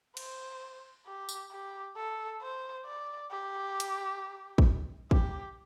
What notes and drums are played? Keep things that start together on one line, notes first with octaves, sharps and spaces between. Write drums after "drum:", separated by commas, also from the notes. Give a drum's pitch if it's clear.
C5, drum: cymbal
G4
drum: tambourine
G4
A4
C5
D5
G4
drum: hi-hat
drum: kick
G4, drum: kick